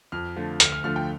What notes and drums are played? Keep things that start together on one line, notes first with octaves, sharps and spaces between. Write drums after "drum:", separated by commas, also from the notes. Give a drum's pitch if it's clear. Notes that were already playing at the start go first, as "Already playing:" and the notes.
F2 F6
D3 F3 A3
D2 F6, drum: hi-hat
F6
D3 F3 A3 F6
G5